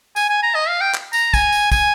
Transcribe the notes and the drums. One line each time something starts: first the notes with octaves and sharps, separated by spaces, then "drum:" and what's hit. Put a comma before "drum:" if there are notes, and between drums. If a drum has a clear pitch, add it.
G#5, drum: tambourine
G#5
A#5
D#5
F5
G5
drum: clap
A#5, drum: tambourine
G#5, drum: kick, tambourine
drum: tambourine
G#5, drum: kick, tambourine